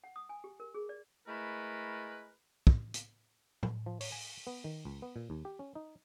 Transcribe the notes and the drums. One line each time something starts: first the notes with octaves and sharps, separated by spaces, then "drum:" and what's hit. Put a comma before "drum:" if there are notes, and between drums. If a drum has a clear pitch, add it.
F#5
D#6
G#5
G4
A#4
G#4
D5
G#3 A3 E4 A#4 B4
drum: kick
drum: hi-hat
drum: tom A2
F3
C#5, drum: open hi-hat
G#5
B3
D#3
C#2
B3
A#2
D#2
G4
C#4
D#4